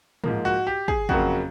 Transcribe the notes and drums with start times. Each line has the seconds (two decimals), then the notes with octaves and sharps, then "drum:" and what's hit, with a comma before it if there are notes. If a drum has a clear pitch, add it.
0.24 G#2 F3 A#3, drum: tom A2
0.45 F#4
0.67 G4
0.88 G#4, drum: kick
1.09 F2 C#3 F#3 A#3 F#4, drum: kick